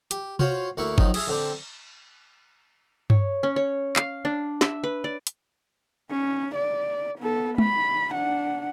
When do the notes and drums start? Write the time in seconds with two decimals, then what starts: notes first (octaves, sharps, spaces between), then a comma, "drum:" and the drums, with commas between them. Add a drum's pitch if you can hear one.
0.11 G4, drum: hi-hat
0.39 F4 F#4 C5 C#5 F5, drum: tom C3
0.77 D2 A#3 E4 C#6
0.98 D#3 F3 F#3 D#4, drum: kick
1.14 G#4 E5 F5, drum: cymbal
1.27 D3 C4 D4
3.10 C#5, drum: tom G2
3.43 C#4
3.56 C#5
3.96 F5, drum: clap
4.25 D4
4.61 E5, drum: snare
4.84 B4
5.04 D5
5.27 drum: hi-hat
6.11 C#4
6.55 D5
7.19 B3 A4
7.58 B5, drum: tom G#3
8.12 D4 F#5